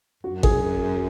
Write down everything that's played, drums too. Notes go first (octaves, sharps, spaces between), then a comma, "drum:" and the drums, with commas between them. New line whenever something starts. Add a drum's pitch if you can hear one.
F#2 F#4
G#4, drum: kick G#1